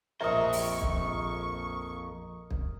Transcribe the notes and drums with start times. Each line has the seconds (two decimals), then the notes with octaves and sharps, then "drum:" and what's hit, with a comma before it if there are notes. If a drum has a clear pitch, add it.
0.21 A#1 F2 A#4 C5 D#5 E5 C#6
0.53 drum: open hi-hat
0.82 drum: kick
2.51 drum: kick